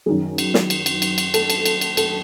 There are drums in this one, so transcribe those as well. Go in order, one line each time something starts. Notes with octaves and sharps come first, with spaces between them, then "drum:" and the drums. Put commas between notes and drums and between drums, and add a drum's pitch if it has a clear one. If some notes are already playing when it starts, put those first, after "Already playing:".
F#2 D#3 F#3 G#4
drum: cymbal
drum: snare
drum: cymbal
drum: cymbal
drum: cymbal
drum: cymbal
A4, drum: cymbal
drum: cymbal
drum: cymbal
drum: cymbal
A4, drum: cymbal